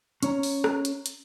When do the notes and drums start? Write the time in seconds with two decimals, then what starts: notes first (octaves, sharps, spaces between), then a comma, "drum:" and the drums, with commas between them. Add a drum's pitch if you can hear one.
0.23 C#4 C#5 A#5, drum: hi-hat
0.43 drum: open hi-hat
0.64 drum: rim click
0.85 drum: hi-hat
1.06 drum: hi-hat